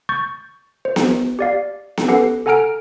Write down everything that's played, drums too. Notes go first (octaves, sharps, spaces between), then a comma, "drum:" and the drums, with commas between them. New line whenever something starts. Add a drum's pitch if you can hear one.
C#6 G6 A6
C5
drum: snare B3
G4 D5 F5
drum: snare B3
C#4 G4 A4 B4 F#5 C7
A4 F#5 G#5 A#5 F6 D7